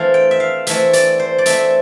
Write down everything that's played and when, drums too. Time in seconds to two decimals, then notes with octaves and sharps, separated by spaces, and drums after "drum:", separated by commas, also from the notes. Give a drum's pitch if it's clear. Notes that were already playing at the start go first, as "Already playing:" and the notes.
Already playing: E3 A3 C4 F5
0.14 G5
0.31 E5
0.40 F5
0.67 E3 A3 C4 E5, drum: hi-hat
0.93 D5, drum: hi-hat
1.20 C5
1.38 D5
1.46 E3 A3 C4 E5, drum: hi-hat